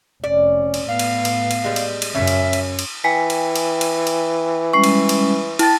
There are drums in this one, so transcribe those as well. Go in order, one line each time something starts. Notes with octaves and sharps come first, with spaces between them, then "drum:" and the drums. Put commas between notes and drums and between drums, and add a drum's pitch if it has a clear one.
F1 C#4 D5
drum: cymbal
A2 B3 F5
drum: cymbal
drum: cymbal
drum: cymbal
G3 G#3
drum: cymbal
drum: cymbal
F#2 C#3 C#4 E5
drum: cymbal
drum: cymbal
drum: cymbal
E3 G5 G#5 B6
drum: cymbal
drum: cymbal
drum: cymbal
drum: cymbal
G3 G#3 C#4 C#6 C7
drum: cymbal
drum: cymbal
E4 G5 A5 A6, drum: cymbal